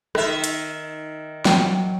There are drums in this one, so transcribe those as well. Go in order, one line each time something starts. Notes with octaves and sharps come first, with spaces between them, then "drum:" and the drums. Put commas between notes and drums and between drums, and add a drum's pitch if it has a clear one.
D#3 E5, drum: rim click
drum: hi-hat
F#3 G5, drum: snare